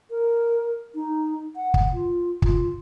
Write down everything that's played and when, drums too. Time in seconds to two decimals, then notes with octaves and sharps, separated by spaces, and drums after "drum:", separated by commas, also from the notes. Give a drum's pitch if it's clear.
0.10 A#4
0.95 D#4
1.56 F#5
1.74 drum: kick
1.93 F4
2.42 F4, drum: kick